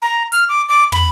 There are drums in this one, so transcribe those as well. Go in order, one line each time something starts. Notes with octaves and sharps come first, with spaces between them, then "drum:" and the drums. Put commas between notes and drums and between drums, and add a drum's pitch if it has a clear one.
A#5
F6, drum: hi-hat
D6
D6
B5, drum: tom